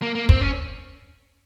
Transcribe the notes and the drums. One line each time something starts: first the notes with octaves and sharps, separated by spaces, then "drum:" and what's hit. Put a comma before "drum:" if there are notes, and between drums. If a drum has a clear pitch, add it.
A#3
A#3
C4, drum: kick
C#4